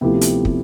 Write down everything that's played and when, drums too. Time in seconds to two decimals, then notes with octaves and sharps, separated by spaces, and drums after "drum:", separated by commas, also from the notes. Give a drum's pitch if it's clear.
0.01 D2 C3 F3 B3 E4 G4
0.21 drum: hi-hat
0.45 G4, drum: kick